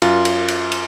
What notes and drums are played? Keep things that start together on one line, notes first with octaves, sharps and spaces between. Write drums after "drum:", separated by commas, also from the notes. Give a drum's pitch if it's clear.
F#2 F4, drum: cymbal
drum: cymbal
drum: cymbal
drum: cymbal